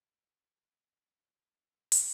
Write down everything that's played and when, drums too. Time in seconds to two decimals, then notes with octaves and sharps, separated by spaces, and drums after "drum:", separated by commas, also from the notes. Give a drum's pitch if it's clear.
0.92 C2
1.51 D4 E6
1.92 drum: hi-hat